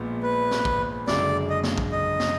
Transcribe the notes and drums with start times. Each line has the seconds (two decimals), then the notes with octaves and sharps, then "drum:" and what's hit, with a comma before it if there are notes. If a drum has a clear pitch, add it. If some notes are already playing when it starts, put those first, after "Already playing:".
Already playing: A#1 A#2 G#3 B3 F4
0.23 B4
0.51 drum: snare
0.65 drum: kick
1.07 F#1 F#2 D3 G#3 D5, drum: snare
1.50 D#5
1.64 drum: snare
1.78 drum: kick
1.92 D#5
2.20 drum: snare